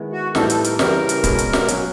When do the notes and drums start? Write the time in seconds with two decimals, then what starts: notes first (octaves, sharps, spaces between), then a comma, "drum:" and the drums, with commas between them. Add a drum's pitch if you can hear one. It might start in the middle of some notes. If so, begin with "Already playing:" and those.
Already playing: D#3 G#3 B3 E4
0.12 F#4
0.35 A2 E3 G3 C4 D#4 A4, drum: snare
0.50 A4, drum: hi-hat
0.64 A#4, drum: hi-hat
0.79 C#3 E3 G3 A#4, drum: snare
1.09 drum: hi-hat
1.24 B2 G#3 C#4, drum: kick C#1, hi-hat
1.39 drum: hi-hat
1.53 drum: snare
1.68 F#3 A#3 C#4, drum: hi-hat